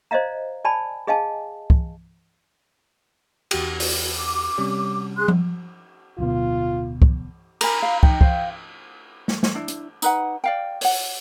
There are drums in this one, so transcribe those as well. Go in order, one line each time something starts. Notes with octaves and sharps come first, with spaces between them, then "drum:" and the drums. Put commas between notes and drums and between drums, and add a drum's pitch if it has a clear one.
C5 D5 D#5 F5 A#5
D5 G#5 A5 B5
G#4 D#5 F5 G#5 A5
drum: kick
E2 F#4 G4, drum: cymbal
drum: open hi-hat
D6
C3 G3 C#4
G#4 C6 F#6
drum: tom F3
D1 D2 B2 F4
drum: kick
A#4 G#5 A#5 B5, drum: cymbal
F5
D#4 D#5 G5, drum: kick
C5 F5, drum: kick
drum: snare
drum: snare
D4 E4
drum: hi-hat
D#4 B4 F#5, drum: tambourine
D5 F5 G5
C#5 F#5, drum: open hi-hat